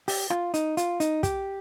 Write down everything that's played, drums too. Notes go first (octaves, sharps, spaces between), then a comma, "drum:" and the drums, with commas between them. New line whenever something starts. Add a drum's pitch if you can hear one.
G4, drum: open hi-hat
F4, drum: rim click
D#4, drum: hi-hat
F4, drum: hi-hat
D#4, drum: hi-hat
G4, drum: kick, hi-hat